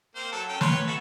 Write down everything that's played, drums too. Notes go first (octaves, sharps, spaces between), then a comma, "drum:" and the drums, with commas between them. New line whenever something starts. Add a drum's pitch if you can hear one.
A#3 C4 C5
F#3 A4
C#4 G5
B4 C#5 C6, drum: snare
F#4 A4 E5